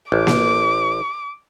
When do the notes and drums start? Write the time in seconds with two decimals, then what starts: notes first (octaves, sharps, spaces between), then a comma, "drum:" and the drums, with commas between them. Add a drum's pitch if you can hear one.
0.12 A1 D6
0.27 drum: snare A#3